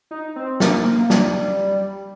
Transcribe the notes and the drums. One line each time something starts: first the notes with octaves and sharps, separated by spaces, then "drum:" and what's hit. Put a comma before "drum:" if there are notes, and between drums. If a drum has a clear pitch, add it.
D#4
C4
A#3, drum: snare
A#3
G3, drum: snare